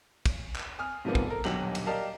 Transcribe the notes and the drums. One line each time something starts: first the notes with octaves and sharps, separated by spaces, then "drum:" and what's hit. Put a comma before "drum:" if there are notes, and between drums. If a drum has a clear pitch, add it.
drum: kick, cymbal
drum: clap
G#5 D#6 F6
G#2 C3 F3 G3 A#3 B3
drum: kick
A4 A#4
D#1 B1 D3 F#3 G4 F#7, drum: clap
drum: cymbal
G4 A#4 D5 D#5 F5 A5